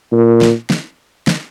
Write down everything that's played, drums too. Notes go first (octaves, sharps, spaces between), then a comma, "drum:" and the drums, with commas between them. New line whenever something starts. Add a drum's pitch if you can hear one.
A#2
drum: snare
drum: snare
drum: snare